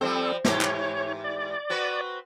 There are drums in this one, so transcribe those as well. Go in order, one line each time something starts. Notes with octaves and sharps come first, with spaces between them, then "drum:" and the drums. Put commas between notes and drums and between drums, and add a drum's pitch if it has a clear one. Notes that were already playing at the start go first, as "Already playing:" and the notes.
F3 G3 C4 A4 C5
G#2 E3 G4 C#5, drum: snare
drum: clap
D5
C4 F#4 B4